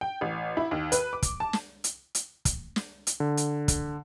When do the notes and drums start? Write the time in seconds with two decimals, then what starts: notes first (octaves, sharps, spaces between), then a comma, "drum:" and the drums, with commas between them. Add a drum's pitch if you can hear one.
0.01 G5
0.21 A1
0.57 E4
0.71 D#2
0.92 B4, drum: hi-hat
1.13 D6
1.22 drum: kick, hi-hat
1.40 A5
1.53 drum: snare
1.84 drum: hi-hat
2.15 drum: hi-hat
2.45 drum: kick, hi-hat
2.76 drum: snare
3.07 drum: hi-hat
3.20 D3
3.37 drum: hi-hat
3.68 drum: kick, hi-hat